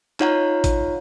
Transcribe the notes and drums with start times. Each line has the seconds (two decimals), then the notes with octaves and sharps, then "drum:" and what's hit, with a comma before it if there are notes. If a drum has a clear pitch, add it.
0.20 D#4 F4 C#5 F5 F#5 A#5, drum: clap
0.64 drum: kick A1, hi-hat